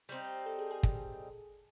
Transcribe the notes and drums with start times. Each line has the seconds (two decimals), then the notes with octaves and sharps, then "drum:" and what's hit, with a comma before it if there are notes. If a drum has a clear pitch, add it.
0.09 G3 C4 D#4
0.46 A4
0.59 G#4
0.71 G#4
0.83 drum: kick